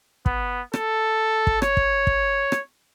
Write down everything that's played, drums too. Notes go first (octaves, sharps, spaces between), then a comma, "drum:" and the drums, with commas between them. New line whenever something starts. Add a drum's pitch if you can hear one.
B3, drum: kick
A4, drum: rim click
drum: kick
C#5, drum: rim click
drum: kick
drum: kick
drum: rim click